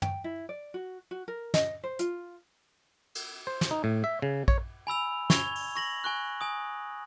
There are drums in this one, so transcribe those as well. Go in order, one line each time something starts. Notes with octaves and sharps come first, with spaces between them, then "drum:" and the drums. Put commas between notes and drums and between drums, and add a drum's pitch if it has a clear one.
G5, drum: tom
E4
D5
F#4
F#4
A#4
D#5, drum: snare
C5
F4, drum: hi-hat
drum: cymbal
C5
drum: snare
D#4
A2
E5
C#3
C#5, drum: kick A#1
G#5 B5 E6 F7
C#6 G#6 F7 G7, drum: snare
drum: open hi-hat
C#6 A#6 F#7
G#5 C#6 F#6
G#5 D#6